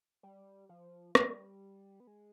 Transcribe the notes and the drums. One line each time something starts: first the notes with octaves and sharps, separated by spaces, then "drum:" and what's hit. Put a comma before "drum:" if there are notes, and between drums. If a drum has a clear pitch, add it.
G3
F3
G3, drum: rim click
B3
G#3